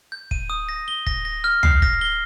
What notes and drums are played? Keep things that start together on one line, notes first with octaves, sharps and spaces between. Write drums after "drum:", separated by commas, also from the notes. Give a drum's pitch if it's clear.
G6
D#7, drum: kick
D#6
A#6
G7
A#6, drum: kick
A#6
F6
C7, drum: tom
A#6, drum: kick
G7